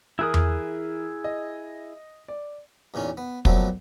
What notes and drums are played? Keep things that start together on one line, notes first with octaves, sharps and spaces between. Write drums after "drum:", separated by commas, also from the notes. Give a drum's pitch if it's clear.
E3 E4 G#4 A#4 D#6 F#6
drum: tom E2
D#5
D5
E2 A#2 D#3 C#4
B3
A#2 F3 F#3 A3 B3 C4, drum: kick